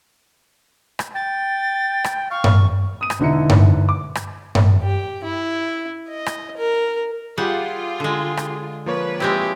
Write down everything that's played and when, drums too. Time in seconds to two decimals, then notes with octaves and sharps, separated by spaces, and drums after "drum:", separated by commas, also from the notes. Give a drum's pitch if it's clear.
0.99 drum: rim click
1.15 G5 A6
2.04 drum: rim click
2.31 F5 C#6
2.44 drum: tom G2
3.01 D#6 D#7
3.10 drum: rim click
3.20 E1 D3 D#4 E4 C#7
3.49 drum: tom G2
3.89 D6
4.15 drum: rim click
4.55 drum: tom G2
4.82 G4
5.24 E4
6.09 D#5
6.26 drum: rim click
6.57 A#4
7.38 G3 F4 G4 G#4 F#5
8.00 D3 G#3
8.37 drum: rim click
8.86 F3 A#3 B4 C#5
9.20 G#3 C4 E4 G4